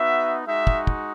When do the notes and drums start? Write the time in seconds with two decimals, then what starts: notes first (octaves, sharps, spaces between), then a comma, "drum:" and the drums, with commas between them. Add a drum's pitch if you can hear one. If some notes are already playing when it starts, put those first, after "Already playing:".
Already playing: B3 D#4 F#4 E5
0.46 G#3 D#4 F#4 E5
0.67 drum: kick
0.87 drum: kick